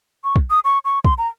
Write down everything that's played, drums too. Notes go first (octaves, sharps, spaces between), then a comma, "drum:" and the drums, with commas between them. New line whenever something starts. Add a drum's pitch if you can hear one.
C#6
drum: kick
D#6
C#6
C#6
C6, drum: kick
A#5